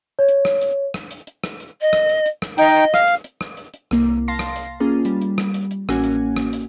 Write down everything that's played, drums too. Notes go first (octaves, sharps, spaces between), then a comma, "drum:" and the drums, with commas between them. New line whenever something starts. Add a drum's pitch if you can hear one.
C#5
drum: hi-hat
drum: rim click
drum: hi-hat
drum: rim click
drum: hi-hat
drum: hi-hat
drum: rim click
drum: hi-hat
D#5
drum: rim click
drum: hi-hat
drum: hi-hat
drum: rim click
D#4 D#5 G5, drum: hi-hat
drum: hi-hat
F5, drum: rim click
drum: hi-hat
drum: hi-hat
drum: rim click
drum: hi-hat
drum: hi-hat
C2 A#3, drum: rim click
F5 A5 C6 A#6 C7
drum: rim click
drum: hi-hat
A#3 C#4 F4 G#4
G3, drum: hi-hat
drum: hi-hat
drum: rim click
drum: hi-hat
drum: hi-hat
A1 A#3 C#4 F#4 G#5, drum: rim click
drum: hi-hat
drum: rim click
drum: hi-hat